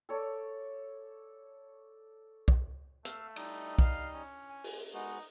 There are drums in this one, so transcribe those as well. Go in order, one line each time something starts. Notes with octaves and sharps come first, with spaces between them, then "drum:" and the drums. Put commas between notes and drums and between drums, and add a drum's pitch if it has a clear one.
A4 C#5 D5
drum: kick
A3 F5 E6, drum: hi-hat
G3 D#4 D#5, drum: cymbal
F5, drum: kick
C#4
G#5
drum: open hi-hat
G#3 B3 D#4 F#4